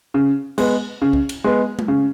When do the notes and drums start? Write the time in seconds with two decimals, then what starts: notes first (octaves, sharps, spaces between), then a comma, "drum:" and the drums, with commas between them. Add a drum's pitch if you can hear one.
0.14 C#3
0.58 G#3 B3, drum: cymbal
1.02 C#3
1.13 drum: kick C2
1.29 drum: cymbal
1.44 G#3 B3
1.79 drum: tom G#3
1.88 C#3